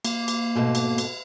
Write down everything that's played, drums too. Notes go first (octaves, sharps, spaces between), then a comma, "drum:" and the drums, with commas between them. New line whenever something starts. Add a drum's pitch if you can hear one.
A#3, drum: cymbal
drum: cymbal
G#2 B2 A3
drum: cymbal
drum: cymbal